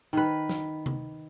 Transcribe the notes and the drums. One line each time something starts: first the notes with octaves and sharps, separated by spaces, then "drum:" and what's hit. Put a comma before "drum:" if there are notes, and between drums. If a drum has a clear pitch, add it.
D#3 B4
drum: snare
drum: tom C3